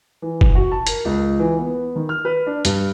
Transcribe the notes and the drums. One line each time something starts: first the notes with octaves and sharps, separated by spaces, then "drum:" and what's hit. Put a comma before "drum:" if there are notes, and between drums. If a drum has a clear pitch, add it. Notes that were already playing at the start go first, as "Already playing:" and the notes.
E3
drum: kick
F#4
A5
A#4, drum: hi-hat
C#2
E3
B3
D#3
F6
B4
D4
G2, drum: hi-hat